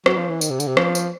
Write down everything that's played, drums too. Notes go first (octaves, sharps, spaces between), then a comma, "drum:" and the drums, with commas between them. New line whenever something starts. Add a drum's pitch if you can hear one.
F#3, drum: rim click
F3
E3
D#3, drum: tambourine
C3
D3, drum: tambourine
C3
F3, drum: rim click
drum: tambourine